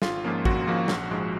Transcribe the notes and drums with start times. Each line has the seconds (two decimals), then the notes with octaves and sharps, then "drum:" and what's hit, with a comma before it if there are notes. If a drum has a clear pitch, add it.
0.02 G#1 F4, drum: snare
0.24 G#2 F3 A#3 C#4
0.45 G#1 F#4, drum: kick G#1
0.67 G#2 F3 A#3 C#4
0.88 A#1, drum: snare
1.11 G#2 F3 G#3